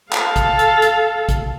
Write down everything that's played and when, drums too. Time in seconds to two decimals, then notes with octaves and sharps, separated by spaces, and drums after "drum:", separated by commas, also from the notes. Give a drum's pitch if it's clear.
0.13 A4 F5, drum: clap
0.36 drum: kick A1, hi-hat
0.59 drum: hi-hat
0.82 drum: hi-hat
1.29 drum: kick A1, hi-hat